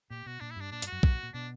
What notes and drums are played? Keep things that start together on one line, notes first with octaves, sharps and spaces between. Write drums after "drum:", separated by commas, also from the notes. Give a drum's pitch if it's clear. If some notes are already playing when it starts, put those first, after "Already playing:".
A#2 G4
B2 F#4
A#2 D4
E4
G2 D4
A#2 D4
G2, drum: hi-hat
F#4
F#2
F#2, drum: kick
A#2
A#2
B2 D4